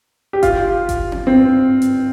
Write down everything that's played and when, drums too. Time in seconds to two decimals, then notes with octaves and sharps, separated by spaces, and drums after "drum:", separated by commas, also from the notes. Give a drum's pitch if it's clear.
0.33 G4
0.43 F4, drum: kick F#1, hi-hat
0.89 drum: kick F#1, hi-hat
1.12 drum: tom C4
1.27 C4
1.82 drum: hi-hat